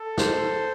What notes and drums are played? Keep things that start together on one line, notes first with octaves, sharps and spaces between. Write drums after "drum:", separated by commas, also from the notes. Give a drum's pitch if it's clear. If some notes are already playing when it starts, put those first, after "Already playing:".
Already playing: A4
C5, drum: snare